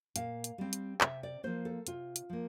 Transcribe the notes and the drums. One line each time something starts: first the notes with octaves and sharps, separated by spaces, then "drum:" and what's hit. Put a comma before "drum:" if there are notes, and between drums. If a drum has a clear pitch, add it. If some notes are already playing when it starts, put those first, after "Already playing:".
A#2 F5, drum: hi-hat
drum: hi-hat
G3 C4
drum: hi-hat
C3 E5, drum: clap
D5
F3 A#3 C5
A4
C3 F4, drum: hi-hat
drum: hi-hat
F3 A#3